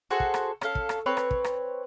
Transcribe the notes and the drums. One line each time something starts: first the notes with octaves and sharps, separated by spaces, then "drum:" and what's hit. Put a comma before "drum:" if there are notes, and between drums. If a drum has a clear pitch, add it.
F#4 G#4 A4 C5
drum: kick
drum: rim click
C#4 A4 F5, drum: rim click
drum: kick
drum: rim click
C4 B4 C#5
drum: rim click
drum: kick
drum: rim click